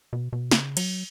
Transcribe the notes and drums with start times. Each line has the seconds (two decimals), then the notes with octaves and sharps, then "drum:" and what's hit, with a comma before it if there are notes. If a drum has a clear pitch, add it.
0.13 B2
0.33 B2
0.51 C#3, drum: snare
0.77 F#3, drum: cymbal